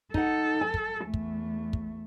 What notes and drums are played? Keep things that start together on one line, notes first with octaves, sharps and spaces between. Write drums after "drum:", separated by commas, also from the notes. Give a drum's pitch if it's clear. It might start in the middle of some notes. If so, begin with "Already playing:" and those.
D#4 A4 F#5, drum: kick
G#5
drum: kick
E2 A3
drum: kick
drum: kick